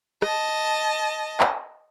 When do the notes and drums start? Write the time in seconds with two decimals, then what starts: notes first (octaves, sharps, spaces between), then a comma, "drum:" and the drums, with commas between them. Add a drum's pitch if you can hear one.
0.22 D#5 A5, drum: rim click
1.40 drum: clap